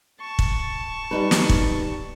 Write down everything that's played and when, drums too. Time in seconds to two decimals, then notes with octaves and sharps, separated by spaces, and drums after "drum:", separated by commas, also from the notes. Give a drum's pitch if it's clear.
0.20 A5 C#6
0.39 drum: kick
1.11 G3 D#4 B4
1.31 drum: snare
1.49 drum: kick